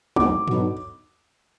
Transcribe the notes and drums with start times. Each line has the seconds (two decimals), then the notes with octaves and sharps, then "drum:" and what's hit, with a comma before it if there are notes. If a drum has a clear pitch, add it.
0.16 G#2 D#3 F#3 D6, drum: tom
0.48 D3 F#3 B3 D#4 F#4, drum: tom